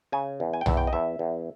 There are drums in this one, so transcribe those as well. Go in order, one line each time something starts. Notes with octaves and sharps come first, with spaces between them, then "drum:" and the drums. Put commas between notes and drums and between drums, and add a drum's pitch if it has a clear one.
C#3 G#5
E2
G#5
G5
E2 E5, drum: tom B1
G5
D#5
E2 E5
E2